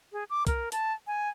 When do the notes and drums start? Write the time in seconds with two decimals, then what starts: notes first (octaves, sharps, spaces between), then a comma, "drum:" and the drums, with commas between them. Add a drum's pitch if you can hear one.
0.12 G#4
0.30 D6
0.47 A#4, drum: kick B1, hi-hat
0.72 A5, drum: hi-hat
1.07 G#5